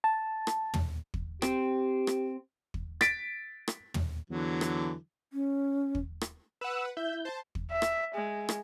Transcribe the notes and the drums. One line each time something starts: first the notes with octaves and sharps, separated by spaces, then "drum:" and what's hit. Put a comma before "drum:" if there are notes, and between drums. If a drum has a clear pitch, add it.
A5
drum: rim click
drum: tom
drum: kick
C4 G4, drum: rim click
drum: rim click
drum: kick
A6 B6 D7, drum: rim click
drum: rim click
drum: tom
E2 D3 E3 F#3
drum: rim click
C#4
drum: kick
drum: rim click
B4 F#5 E6
E4 E5 G6
C5 A5
drum: kick
E5
drum: rim click
G#3
drum: rim click